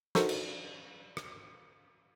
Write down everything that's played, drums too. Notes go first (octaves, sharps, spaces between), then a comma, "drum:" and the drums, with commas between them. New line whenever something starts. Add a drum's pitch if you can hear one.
D#4 F#4 A4 A#4 C5, drum: snare
drum: cymbal
drum: rim click